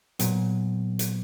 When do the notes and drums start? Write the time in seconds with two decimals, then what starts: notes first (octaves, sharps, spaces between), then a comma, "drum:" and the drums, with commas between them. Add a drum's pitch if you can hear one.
0.19 A#2 F#3 B3, drum: hi-hat
0.99 drum: hi-hat